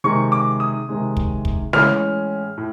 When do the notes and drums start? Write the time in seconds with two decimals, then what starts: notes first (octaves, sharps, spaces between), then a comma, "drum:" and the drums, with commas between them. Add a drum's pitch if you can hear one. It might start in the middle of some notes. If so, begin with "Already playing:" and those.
0.04 C3 D#3 G#3 C#6
0.32 D6
0.60 D#6
0.89 C3 D#3 G#3
1.17 drum: kick
1.45 drum: kick
1.73 A2 E3 G#3 C#4 F6, drum: snare
2.58 A2